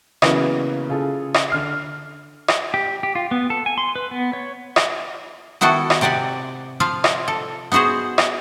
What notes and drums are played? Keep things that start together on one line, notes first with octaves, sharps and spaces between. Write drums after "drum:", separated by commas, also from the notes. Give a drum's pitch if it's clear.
C#3 E3 F#3 A#3 B3 C#4, drum: rim click
C#3 F4 G#4 A4
drum: rim click
D3 F6 C7
drum: rim click
G4
G4
F4
B3
A4
G#5
C6
B4
B3
C#5
drum: rim click
D#3 B3 E4 F#4 A4
drum: rim click
C3 G4 D5 F#5 G#5
F3 F4 F5
drum: rim click
A4
B3 D#4 F#4 G#4 C5
drum: rim click